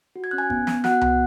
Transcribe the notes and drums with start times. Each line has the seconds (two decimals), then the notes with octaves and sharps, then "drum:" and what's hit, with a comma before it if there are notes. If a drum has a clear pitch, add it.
0.16 F#4
0.24 G#6
0.31 C#4 F#6
0.38 G#5 G#6
0.50 B3, drum: kick G#1
0.67 B3, drum: snare
0.84 F#4 F#5 F#6, drum: snare
1.01 B3, drum: tom C2